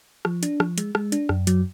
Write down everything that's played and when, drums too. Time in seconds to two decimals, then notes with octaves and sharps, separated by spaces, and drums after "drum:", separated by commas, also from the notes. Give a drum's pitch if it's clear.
0.25 F3, drum: rim click
0.43 D4, drum: hi-hat
0.60 F3, drum: rim click
0.78 G#3, drum: hi-hat
0.95 G#3, drum: rim click
1.12 D4, drum: hi-hat
1.29 F#2, drum: rim click
1.47 F#3, drum: hi-hat